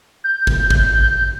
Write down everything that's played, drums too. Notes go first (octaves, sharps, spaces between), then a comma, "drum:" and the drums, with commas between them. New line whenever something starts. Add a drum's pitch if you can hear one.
G6
drum: kick
drum: kick